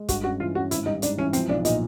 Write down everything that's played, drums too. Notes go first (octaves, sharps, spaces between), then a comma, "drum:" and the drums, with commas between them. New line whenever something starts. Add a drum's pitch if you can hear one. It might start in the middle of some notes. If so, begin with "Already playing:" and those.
Already playing: G#3
G2 F#4, drum: kick, hi-hat
C#4 F#4
E3 F4
C#4 F#4
G#1 E4, drum: hi-hat
G3 D#4
G#2 D4, drum: hi-hat
E3 C#4
F3 C4, drum: hi-hat
B1 D4
A#2 D#4, drum: hi-hat